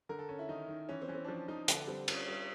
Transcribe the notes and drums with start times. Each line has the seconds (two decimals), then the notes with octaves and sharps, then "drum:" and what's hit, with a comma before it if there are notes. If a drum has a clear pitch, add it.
0.09 D3 A#4
0.19 A4
0.29 C#4
0.39 E4
0.49 D#3 D#4
0.68 D#3
0.89 E3 C#4
1.02 C4
1.08 E3 C#4
1.15 C4
1.24 D4
1.28 F3 C#4
1.48 F3 D#4
1.68 D3 D4, drum: hi-hat
1.87 G3 C4
2.08 C#4, drum: cymbal
2.28 G3